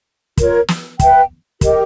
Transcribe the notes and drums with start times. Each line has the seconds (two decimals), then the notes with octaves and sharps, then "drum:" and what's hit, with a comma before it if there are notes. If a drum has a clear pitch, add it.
0.37 F4 A#4 C#5, drum: kick, hi-hat
0.68 drum: snare
0.99 B4 E5 G5, drum: kick, hi-hat
1.61 G4 A#4 D#5, drum: kick, hi-hat